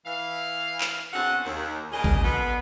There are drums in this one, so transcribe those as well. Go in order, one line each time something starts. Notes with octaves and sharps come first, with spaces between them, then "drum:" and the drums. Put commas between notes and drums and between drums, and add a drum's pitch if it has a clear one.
E3 F5
drum: clap
E2 D3 C4 C#4 F#5
D#2
A#2 C#3 C#4 D4 G#4 D#5
drum: kick A1
B2 D3 B3